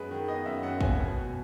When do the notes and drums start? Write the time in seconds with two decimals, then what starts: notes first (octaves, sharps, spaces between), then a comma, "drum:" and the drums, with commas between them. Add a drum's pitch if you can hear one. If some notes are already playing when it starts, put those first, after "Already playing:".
Already playing: F#2 G#3 B3 G#4 B4
0.11 D#3
0.28 B3 D#5
0.46 F#2 E5
0.63 F#2 F#5
0.81 B3 G#5, drum: kick
0.99 B2
1.16 B2